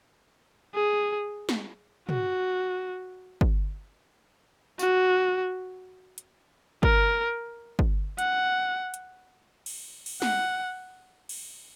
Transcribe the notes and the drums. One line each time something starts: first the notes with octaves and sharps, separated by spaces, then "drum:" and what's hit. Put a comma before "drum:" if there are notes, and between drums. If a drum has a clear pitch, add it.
G#4
drum: snare
F#4, drum: tom
drum: kick
F#4, drum: tambourine
drum: hi-hat
A#4, drum: kick
drum: kick
F#5, drum: hi-hat
drum: hi-hat
drum: cymbal
drum: cymbal
F#5, drum: snare
drum: cymbal